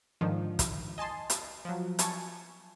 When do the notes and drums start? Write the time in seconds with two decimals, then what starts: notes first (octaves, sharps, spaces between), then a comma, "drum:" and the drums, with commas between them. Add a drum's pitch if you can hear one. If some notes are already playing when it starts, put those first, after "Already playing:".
0.21 G#2 D3 D#3 F3
0.59 drum: kick, hi-hat
0.98 D#5 G#5 A5 C6
1.30 drum: hi-hat
1.65 F3 F#3
1.99 G#5 A5 C#6 G#6, drum: hi-hat